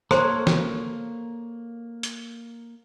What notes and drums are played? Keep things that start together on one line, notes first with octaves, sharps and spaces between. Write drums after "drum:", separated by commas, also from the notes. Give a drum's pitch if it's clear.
A#3 A4 A#4 C5 C#5 A#5 C6, drum: rim click
drum: snare
drum: hi-hat